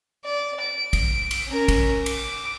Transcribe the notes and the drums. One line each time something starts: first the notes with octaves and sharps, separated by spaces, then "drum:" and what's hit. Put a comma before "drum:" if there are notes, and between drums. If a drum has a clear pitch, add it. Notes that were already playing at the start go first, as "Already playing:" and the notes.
D5
D7
drum: kick, cymbal
drum: cymbal
C#4 A#4
drum: kick, cymbal
D6, drum: cymbal